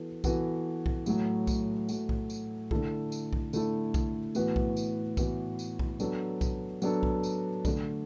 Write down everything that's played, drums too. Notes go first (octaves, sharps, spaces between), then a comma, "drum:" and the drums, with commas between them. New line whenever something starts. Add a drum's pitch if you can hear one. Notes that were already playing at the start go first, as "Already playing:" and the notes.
Already playing: E3 B3 F#4 A4
E3 B3 F#4 A4, drum: kick B1, tambourine
drum: kick B1
A2 F#3 A3 F#4, drum: tambourine
drum: kick B1, tambourine
A2 F#3 A3 F#4, drum: tambourine
drum: kick B1
drum: tambourine
D3 A3 E4 A4, drum: kick B1
drum: tambourine
drum: kick B1
D3 A3 E4 A4, drum: tambourine
drum: kick B1, tambourine
A2 E3 B3 F#4 B4, drum: tambourine
drum: kick B1
drum: tambourine
A2 E3 B3 F#4 B4, drum: kick B1, tambourine
drum: tambourine
drum: kick B1
F#3 B3 D4 A4, drum: tambourine
drum: kick B1, tambourine
F#3 B3 D4 A4, drum: tambourine
drum: kick B1
drum: tambourine
D3 A3 D4, drum: kick B1, tambourine